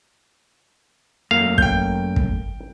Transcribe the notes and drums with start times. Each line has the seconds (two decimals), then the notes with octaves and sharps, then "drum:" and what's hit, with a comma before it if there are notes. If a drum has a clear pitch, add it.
1.31 F#2 A3 A#3 F5
1.58 G5 G6, drum: kick
2.16 drum: kick